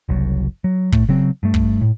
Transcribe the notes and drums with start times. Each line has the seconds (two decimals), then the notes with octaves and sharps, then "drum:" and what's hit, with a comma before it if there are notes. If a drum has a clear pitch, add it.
0.09 F#1 C2 F#2
0.64 F#3
0.92 A2 A3, drum: kick
1.09 C#3 F#3 C4
1.43 G2 A3
1.54 drum: kick
1.81 A2